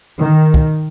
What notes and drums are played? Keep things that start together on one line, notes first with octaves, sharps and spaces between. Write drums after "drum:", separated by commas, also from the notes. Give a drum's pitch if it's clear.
D#3
drum: kick